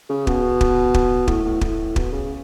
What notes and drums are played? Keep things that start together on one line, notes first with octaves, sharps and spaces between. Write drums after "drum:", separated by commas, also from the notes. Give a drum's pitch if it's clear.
C#3
B2, drum: kick
drum: kick
drum: kick
A2, drum: kick
A2
A2, drum: kick
B2, drum: kick
C#3